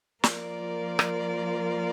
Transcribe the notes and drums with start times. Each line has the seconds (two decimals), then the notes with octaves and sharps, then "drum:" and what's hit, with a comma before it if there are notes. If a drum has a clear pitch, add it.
0.24 F3 A#3 F4 A#4 D5, drum: snare
0.99 drum: rim click